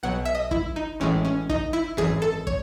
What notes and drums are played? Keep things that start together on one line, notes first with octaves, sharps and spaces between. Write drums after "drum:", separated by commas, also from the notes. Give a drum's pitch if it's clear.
B1 B2 F#3 F#5
E5
D#5
E4, drum: kick
D#4
A1 A2 E3 G#3 C#4
C#4
D#4, drum: kick
E4
G#1 F#2 E3 G#4
A4
C#5, drum: kick